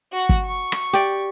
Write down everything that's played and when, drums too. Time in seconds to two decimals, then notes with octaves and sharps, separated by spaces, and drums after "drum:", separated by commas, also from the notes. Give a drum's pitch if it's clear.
0.13 F#4 F#5
0.29 drum: kick
0.45 C#6
0.72 drum: rim click
0.93 G4 D5